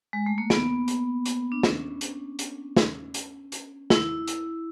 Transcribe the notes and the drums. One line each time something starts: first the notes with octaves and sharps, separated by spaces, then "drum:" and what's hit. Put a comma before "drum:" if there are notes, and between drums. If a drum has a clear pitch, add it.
G#3
A3
A#3
B3, drum: snare
drum: hi-hat
drum: hi-hat
D4
C#4, drum: snare
drum: hi-hat
drum: hi-hat
drum: snare
drum: hi-hat
drum: hi-hat
E4, drum: snare
drum: hi-hat